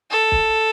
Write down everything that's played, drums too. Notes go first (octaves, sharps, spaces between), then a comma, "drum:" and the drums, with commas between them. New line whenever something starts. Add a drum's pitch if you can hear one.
A4
drum: kick